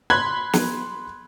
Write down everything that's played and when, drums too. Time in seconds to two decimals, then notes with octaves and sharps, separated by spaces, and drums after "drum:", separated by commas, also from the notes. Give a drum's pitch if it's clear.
0.10 B5 C6 F#6 G#6
0.53 drum: snare